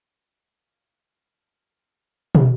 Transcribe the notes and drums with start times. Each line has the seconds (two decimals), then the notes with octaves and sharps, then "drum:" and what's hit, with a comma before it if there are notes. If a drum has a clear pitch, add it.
0.24 G3
0.56 F4 F#4 C#5 F5 F#5
1.02 F3 F#3 C#4 A#4
2.35 drum: tom